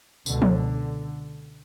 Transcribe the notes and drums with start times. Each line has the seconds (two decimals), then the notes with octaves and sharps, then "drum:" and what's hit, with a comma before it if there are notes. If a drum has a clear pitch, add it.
0.26 C#2 B2 D3, drum: tambourine
0.42 drum: tom F3